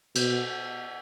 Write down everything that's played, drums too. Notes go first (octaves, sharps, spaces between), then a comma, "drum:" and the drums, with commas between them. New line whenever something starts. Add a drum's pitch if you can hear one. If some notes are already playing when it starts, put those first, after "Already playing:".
B2, drum: cymbal